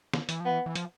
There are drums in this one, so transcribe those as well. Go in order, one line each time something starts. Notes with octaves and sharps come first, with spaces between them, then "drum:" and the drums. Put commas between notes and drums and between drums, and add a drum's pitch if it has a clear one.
D3, drum: snare
E3, drum: hi-hat
F3 B3
E3
E3
F3, drum: hi-hat